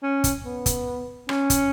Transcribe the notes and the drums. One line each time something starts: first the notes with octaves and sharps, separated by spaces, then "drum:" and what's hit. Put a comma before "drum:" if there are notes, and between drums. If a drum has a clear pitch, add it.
C#4
drum: kick, hi-hat
B3
drum: kick, hi-hat
C#4, drum: rim click
drum: kick, hi-hat